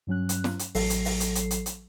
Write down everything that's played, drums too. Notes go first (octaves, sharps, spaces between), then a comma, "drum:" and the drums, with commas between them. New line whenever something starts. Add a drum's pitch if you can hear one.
G2 F#3 C#4 F#6
drum: hi-hat
drum: snare
drum: hi-hat
A1 F#3 A4 C7, drum: open hi-hat
drum: hi-hat
drum: open hi-hat
drum: hi-hat
drum: hi-hat
drum: hi-hat
drum: hi-hat